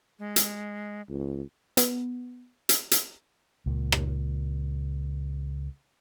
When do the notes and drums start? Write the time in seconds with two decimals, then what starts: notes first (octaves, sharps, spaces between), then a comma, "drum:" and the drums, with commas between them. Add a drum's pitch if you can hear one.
0.19 G#3
0.36 drum: hi-hat
1.09 C#2
1.77 B3, drum: hi-hat
2.69 drum: hi-hat
2.91 drum: hi-hat
3.66 C#2 A#2
3.92 drum: rim click